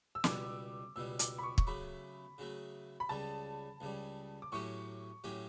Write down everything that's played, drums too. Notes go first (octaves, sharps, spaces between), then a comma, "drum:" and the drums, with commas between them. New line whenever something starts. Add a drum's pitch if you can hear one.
E6
C#2 B2 G3 D6, drum: snare
C#2 B2 G3 E6
D6, drum: hi-hat
B5
C#6
C#6, drum: kick
C#3 F#3 A3 B5
C#3 F#3 A3
B5
C#2 C#3 G3 A5
C#2 C#3 G3
D6
A2 F#3 A3 C#4 G4 C#6
A2 F#3 A3 C#4 G4